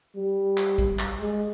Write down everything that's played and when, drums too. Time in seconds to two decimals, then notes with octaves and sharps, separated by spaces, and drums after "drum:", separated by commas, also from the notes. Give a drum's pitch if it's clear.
0.16 G3
0.58 drum: clap
0.78 drum: kick
0.99 drum: clap
1.21 G#3